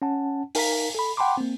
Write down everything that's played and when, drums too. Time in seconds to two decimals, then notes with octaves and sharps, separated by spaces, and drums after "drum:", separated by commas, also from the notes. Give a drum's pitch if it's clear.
0.02 C#4 F#5 A5
0.55 D#4 A#4 F5 A#5 B6, drum: open hi-hat
0.95 A4 B5
1.17 F#5 G5 A5 B5 C6 D6
1.37 A#3 C4